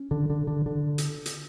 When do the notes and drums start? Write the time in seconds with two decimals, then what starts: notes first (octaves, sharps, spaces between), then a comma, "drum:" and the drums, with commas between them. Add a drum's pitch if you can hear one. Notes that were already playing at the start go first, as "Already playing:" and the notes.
Already playing: C#4
0.11 D3
0.30 D3
0.47 D3
0.66 D3
0.98 drum: hi-hat
1.26 drum: hi-hat